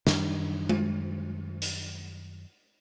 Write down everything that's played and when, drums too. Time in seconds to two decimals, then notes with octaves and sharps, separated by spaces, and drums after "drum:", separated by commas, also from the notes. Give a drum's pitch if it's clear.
0.07 F#2 D#3 G3 D4, drum: snare
0.69 drum: tom G#3
1.62 drum: hi-hat